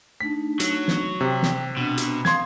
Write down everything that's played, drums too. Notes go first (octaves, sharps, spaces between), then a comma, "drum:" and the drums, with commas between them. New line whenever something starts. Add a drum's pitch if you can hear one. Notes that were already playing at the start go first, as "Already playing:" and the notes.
A3 D4 D#4 B6
F#3, drum: hi-hat
drum: snare
C3 G5
drum: snare
B2 C4 D4
drum: hi-hat
F5 C6 D#6 G#6, drum: snare